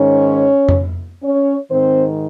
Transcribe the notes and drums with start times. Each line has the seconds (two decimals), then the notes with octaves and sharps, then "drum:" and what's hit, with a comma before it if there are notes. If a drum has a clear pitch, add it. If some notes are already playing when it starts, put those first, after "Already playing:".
Already playing: G#2 D#3 C#4 C#5
0.69 drum: tom F2
1.23 C#4 C#5
1.70 G#2 D#3 C4 C5